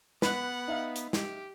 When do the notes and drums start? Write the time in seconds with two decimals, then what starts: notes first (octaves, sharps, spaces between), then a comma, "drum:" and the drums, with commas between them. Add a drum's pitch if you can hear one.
0.22 B3 B4 F#5, drum: snare
0.68 D#4 E5 F5
0.96 drum: hi-hat
1.13 G4, drum: snare